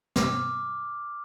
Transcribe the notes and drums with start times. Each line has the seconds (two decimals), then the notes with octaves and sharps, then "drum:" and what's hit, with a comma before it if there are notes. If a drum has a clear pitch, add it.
0.16 D6 F6, drum: snare